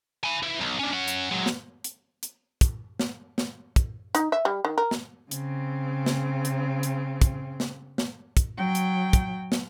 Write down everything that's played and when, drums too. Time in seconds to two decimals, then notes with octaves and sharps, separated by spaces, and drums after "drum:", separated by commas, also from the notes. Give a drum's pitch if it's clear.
0.24 G#5 B5
0.43 E3
0.61 B1
0.79 C#4 D4
0.93 C#4 F#5
1.08 drum: hi-hat
1.31 F#3 G#3
1.46 drum: snare
1.84 drum: hi-hat
2.23 drum: hi-hat
2.61 drum: kick, hi-hat
3.00 drum: snare
3.38 drum: snare
3.76 drum: kick, hi-hat
4.15 D#4, drum: hi-hat
4.32 E5
4.45 G3
4.65 D#3
4.78 A#4
4.91 drum: snare
5.31 C#3 C4, drum: hi-hat
6.06 drum: snare
6.45 drum: hi-hat
6.83 drum: hi-hat
7.21 drum: kick, hi-hat
7.60 drum: snare
7.98 drum: snare
8.37 drum: kick, hi-hat
8.57 F#3 G5
8.75 drum: hi-hat
9.13 drum: kick, hi-hat
9.52 drum: snare